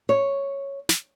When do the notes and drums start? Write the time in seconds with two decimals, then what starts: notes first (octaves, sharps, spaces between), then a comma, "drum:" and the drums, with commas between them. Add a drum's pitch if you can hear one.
0.09 C#5
0.89 drum: snare